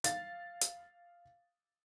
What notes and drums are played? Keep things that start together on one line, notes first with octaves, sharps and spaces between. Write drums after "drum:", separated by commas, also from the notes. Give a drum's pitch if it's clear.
F5 A6, drum: hi-hat
drum: hi-hat